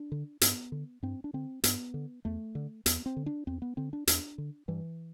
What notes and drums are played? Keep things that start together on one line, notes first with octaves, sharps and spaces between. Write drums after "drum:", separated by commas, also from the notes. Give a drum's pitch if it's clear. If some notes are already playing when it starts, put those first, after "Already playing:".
Already playing: D4
D3
G2 B3, drum: hi-hat
D3
G2 C4
D4
D3 C4
G2 B3, drum: hi-hat
D3
E2 A3
D3
E2 B3, drum: hi-hat
C4
D3
D4
E2 C4
B3
D3 C4
D4
E2 D4, drum: hi-hat
D3
G2 E3